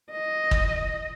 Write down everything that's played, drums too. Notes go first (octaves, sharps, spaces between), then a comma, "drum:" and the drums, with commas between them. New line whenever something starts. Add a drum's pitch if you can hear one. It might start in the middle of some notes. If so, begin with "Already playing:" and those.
D#5
drum: kick